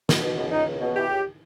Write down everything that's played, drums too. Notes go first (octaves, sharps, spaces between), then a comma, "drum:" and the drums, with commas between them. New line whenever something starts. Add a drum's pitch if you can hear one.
B2, drum: snare
B2
C#2
C#2 D#4
C#2
B2
E3 G4
C#2